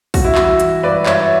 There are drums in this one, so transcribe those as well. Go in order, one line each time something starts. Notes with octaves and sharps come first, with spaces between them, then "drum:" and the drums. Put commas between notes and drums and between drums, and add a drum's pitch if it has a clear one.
G1 F#4, drum: kick A#1, open hi-hat
E4
E3 F#4, drum: clap
E3, drum: hi-hat
G2 B4 D5
G2 C#5 E5, drum: clap